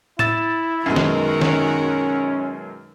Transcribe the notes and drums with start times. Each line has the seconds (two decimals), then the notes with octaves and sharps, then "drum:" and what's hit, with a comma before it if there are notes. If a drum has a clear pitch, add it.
0.19 E4 E6 A6 E7, drum: tom A2
0.86 F#2 B2 D#3 G#3 F#4 A#4
0.96 drum: snare
1.41 C#4, drum: snare